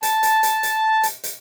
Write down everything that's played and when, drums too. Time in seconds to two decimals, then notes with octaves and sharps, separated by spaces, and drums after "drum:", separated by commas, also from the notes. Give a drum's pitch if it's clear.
0.03 A5, drum: hi-hat
0.23 drum: hi-hat
0.43 drum: hi-hat
0.63 drum: hi-hat
1.03 drum: hi-hat
1.24 drum: hi-hat